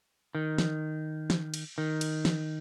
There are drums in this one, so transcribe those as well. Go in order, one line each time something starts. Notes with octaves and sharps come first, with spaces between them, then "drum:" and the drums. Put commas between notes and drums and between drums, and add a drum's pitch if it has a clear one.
D#3
drum: snare
drum: snare
drum: cymbal
D#3
drum: cymbal
drum: snare